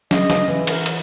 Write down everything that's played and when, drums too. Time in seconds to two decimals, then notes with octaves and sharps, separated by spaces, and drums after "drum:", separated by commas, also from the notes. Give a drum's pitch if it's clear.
0.11 C#3 D#5, drum: snare
0.30 C#3, drum: snare
0.48 E3
0.67 A#4, drum: cymbal
0.86 drum: cymbal